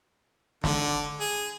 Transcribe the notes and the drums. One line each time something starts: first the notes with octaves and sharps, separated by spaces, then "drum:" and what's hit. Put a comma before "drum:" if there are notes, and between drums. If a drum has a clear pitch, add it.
D3, drum: snare
G#4